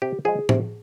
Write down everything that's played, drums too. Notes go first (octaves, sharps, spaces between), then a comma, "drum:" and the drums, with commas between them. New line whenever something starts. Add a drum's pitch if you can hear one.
C3 G4
F3 G#3 G#4
C3, drum: tom A2